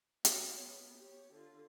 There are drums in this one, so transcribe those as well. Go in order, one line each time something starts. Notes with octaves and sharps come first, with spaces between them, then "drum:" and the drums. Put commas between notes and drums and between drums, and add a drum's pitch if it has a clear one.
F#4 C#5, drum: hi-hat
B3
G4 C#5
D3 F4